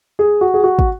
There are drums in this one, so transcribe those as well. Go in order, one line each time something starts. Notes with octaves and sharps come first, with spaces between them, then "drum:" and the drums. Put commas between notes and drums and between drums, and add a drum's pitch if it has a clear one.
G#4
F#4
G#4
F#4
drum: kick